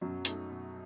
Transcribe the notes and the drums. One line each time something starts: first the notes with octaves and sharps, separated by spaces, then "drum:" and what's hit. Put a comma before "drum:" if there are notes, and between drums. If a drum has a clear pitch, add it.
F#2 B2 F#3
A3 D#4 F#4, drum: hi-hat
B2